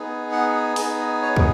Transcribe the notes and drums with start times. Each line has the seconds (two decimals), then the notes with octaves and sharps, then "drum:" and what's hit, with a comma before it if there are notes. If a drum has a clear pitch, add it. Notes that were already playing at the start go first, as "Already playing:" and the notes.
Already playing: B3 D#4 G#4
0.32 F#5
0.76 B3 D#4 G#4 D#5, drum: open hi-hat
0.99 D#5
1.22 C#5
1.36 drum: kick